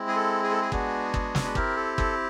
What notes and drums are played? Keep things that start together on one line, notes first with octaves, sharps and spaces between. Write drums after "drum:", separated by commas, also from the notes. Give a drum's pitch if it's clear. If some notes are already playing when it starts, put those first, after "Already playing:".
Already playing: G#3 C4 E4
G#4
A4
G#4
A4
G#4
G#3 B3 D4 F#4, drum: kick
drum: kick
drum: snare
B4
C4 E4 G4 A#4, drum: kick
A4
A4, drum: kick